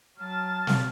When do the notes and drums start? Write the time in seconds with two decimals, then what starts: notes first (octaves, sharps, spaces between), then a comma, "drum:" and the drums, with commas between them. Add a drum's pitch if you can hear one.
0.17 F#3 A5 F6 A6
0.67 drum: snare